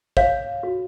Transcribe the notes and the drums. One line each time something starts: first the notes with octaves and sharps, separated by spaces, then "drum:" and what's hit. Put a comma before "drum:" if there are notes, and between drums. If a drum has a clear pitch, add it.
C#5 F5, drum: kick
F#4